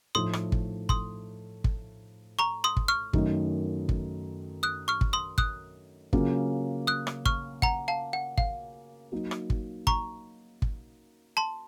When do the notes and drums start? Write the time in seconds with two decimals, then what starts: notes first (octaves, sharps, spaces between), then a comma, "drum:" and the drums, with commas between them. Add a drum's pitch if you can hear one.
0.15 A2 F3 A3 D#4 C6 D#6
0.33 drum: rim click
0.52 drum: kick
0.89 C6 D#6, drum: kick
1.64 drum: kick
2.39 A#5 C#6
2.64 C6 D#6
2.77 drum: kick
2.88 C#6 F6
3.13 F#2 D#3 A3 D#4 A#4, drum: kick
3.89 drum: kick
4.63 D#6 F#6
4.88 C#6 F6
5.01 drum: kick
5.13 C6 D#6
5.38 D#6 F#6, drum: kick
6.13 C#3 F#3 A#3 C#4 F4, drum: kick
6.87 D#6 F#6
7.07 drum: rim click
7.26 C#6 F6, drum: kick
7.62 F#5 A#5, drum: kick
7.88 F5 A5
8.13 F#5
8.38 F5, drum: kick
9.12 F#3 A#3 D#4
9.31 drum: rim click
9.50 drum: kick
9.87 A#5 C#6, drum: kick
10.62 drum: kick
11.37 A5 C6